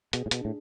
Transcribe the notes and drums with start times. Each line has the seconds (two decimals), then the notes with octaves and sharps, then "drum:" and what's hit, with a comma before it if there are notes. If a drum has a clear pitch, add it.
0.13 B2 G#4, drum: hi-hat
0.26 A2
0.31 B2, drum: hi-hat
0.41 A2 D4